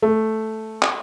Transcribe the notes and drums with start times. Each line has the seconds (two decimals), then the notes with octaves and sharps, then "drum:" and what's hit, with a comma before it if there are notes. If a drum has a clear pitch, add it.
0.02 A3
0.82 drum: clap